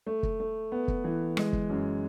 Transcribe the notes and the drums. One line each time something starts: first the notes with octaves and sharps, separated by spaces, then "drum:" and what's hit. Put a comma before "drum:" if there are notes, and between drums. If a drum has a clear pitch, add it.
A3
drum: kick
A3
B3
drum: kick
E3
G#3, drum: rim click
drum: kick
F#2